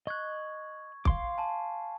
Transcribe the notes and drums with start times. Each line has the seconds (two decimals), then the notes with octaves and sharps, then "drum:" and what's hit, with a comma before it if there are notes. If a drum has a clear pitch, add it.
0.07 D#5 C#6 F#6 G#6
1.05 F5 C6 D6, drum: kick
1.38 G#5 A5